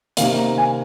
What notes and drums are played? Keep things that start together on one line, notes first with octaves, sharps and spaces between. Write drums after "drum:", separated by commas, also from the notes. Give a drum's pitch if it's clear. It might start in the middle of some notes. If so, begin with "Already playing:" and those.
C3 D#3 A#3 F5, drum: hi-hat
A#5
G#5